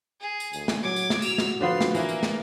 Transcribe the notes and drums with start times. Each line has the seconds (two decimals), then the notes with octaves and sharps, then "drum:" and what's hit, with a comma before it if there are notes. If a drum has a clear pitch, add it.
0.21 G#4
0.40 drum: tambourine
0.53 D2, drum: tambourine
0.68 drum: snare
0.83 F#3 D6 G#6
0.96 drum: tambourine
1.10 drum: snare
1.22 F#4 E6 F7, drum: tambourine
1.38 drum: snare
1.61 D3 F3 B3 C6
1.81 drum: snare
1.95 E3 A#3, drum: tambourine
2.09 drum: tambourine
2.23 drum: snare